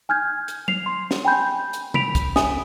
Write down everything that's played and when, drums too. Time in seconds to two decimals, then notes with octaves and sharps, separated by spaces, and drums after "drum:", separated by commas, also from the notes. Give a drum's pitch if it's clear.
0.09 G#5 F6 G6 G#6
0.48 drum: hi-hat
0.68 C7 F7, drum: tom F#3
0.86 C6
1.11 drum: snare
1.25 G5 G#5 B5 G6
1.73 drum: hi-hat
1.94 B5 B6 D7 F7, drum: tom C3
2.15 drum: kick, hi-hat
2.36 E5 G#5 D#6, drum: snare